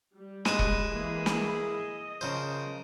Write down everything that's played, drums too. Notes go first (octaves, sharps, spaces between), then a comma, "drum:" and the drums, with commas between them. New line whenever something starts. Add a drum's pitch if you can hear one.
G3
G#3 B4 D#7 E7, drum: snare
drum: kick E1
E3 A#3 E4 G#4 B5
drum: snare
D#5
C#3 F3 G#3 A#4 C5 G6